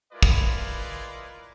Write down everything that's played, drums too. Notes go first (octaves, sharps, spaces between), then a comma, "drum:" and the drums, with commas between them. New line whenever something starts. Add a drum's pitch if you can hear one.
G#3 E4 F4 A#4 B4 D5
drum: kick